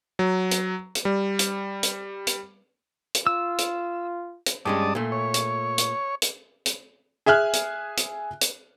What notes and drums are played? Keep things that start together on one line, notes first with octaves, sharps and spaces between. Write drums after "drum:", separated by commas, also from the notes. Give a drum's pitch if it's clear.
F#3
drum: hi-hat
drum: hi-hat
G3
drum: hi-hat
drum: hi-hat
drum: hi-hat
drum: hi-hat
F4 E6
drum: hi-hat
drum: hi-hat
G2 G#3 C#4 D5 A5 D#6
A#2 A3
C#5
drum: hi-hat
drum: hi-hat
drum: hi-hat
drum: hi-hat
G#4 E5 G#5 F6 F#6
drum: hi-hat
drum: hi-hat
drum: hi-hat